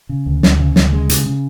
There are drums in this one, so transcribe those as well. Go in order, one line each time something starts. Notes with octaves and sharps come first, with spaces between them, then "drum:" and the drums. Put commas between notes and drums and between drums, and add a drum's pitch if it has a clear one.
C#3
D2
D2, drum: snare
C#3
D2, drum: snare
C#3 G#3
C#3, drum: hi-hat
C#3